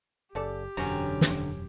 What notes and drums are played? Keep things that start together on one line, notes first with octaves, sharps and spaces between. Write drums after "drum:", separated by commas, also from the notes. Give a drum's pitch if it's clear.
F#1 C#3 G4 A4 D5
E1 F#2 D3 F#3 C4 C#4 G5 A#5
drum: snare